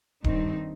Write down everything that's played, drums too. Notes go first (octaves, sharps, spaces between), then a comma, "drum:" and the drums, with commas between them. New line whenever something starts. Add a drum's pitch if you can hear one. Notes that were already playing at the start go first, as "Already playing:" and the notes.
G2 D#3 C4 D#4, drum: kick D1